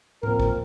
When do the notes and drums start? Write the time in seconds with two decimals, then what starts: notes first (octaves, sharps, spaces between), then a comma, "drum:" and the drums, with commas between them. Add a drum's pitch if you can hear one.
0.23 A#2 F3 C4 A#4, drum: tom A2
0.40 drum: kick